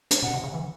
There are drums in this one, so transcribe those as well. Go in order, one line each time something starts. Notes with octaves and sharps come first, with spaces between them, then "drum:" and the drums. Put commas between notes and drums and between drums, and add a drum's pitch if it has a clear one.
drum: hi-hat
B2 F#5
C3
C#3
E3